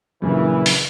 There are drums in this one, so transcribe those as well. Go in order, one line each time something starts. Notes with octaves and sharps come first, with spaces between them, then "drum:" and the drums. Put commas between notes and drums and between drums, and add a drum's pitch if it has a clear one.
A#1 F#2 C#3 E3
drum: open hi-hat